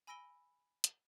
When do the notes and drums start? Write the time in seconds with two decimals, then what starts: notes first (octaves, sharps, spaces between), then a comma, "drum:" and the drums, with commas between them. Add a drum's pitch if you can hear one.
0.07 G#5 B5 E6 A#6 D7 G7
0.84 drum: hi-hat